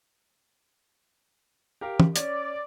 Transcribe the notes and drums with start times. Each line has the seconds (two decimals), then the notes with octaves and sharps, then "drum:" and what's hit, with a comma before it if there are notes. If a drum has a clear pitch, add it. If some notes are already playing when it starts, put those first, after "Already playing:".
1.81 G4 A#4 F5
2.00 drum: tom
2.16 C#4 D5, drum: hi-hat